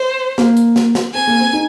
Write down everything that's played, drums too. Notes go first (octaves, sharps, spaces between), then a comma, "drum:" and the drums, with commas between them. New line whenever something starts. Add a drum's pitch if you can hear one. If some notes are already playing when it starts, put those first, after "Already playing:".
Already playing: C5
A#3, drum: snare
drum: hi-hat
drum: snare
drum: snare
C4 G#5
A#3
C4
D#4